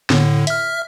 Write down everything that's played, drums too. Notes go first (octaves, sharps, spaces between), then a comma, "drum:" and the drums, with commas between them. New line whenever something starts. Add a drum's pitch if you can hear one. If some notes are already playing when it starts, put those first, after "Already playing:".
A2 D3, drum: snare
E5 F6, drum: hi-hat